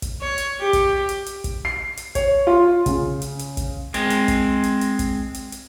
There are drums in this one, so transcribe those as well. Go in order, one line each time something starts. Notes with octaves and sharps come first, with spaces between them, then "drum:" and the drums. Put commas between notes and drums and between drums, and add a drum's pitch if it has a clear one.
drum: kick, hi-hat
C#5
drum: hi-hat
G4
drum: kick, hi-hat
drum: hi-hat
drum: hi-hat
drum: kick, hi-hat
C7
drum: hi-hat
C#5, drum: kick, hi-hat
F4
C#3, drum: kick, hi-hat
drum: hi-hat
drum: hi-hat
drum: kick, hi-hat
G#3 C4, drum: hi-hat
drum: hi-hat
drum: kick, hi-hat
drum: hi-hat
drum: hi-hat
drum: kick, hi-hat
drum: hi-hat
drum: hi-hat